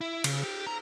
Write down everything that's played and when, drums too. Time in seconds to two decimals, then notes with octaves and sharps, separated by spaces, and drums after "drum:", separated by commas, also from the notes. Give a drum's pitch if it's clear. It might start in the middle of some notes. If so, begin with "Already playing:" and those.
0.01 E4
0.24 C#3, drum: cymbal
0.44 G4
0.67 A#5